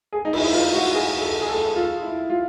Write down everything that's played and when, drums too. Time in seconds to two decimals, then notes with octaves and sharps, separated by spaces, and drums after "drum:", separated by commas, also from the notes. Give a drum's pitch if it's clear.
0.13 G#4
0.25 D#4
0.33 E4, drum: cymbal
0.53 F4
0.73 F#4
0.94 G#4
1.22 A4
1.42 G#4
1.49 A4
1.76 F4
2.02 E4
2.30 F4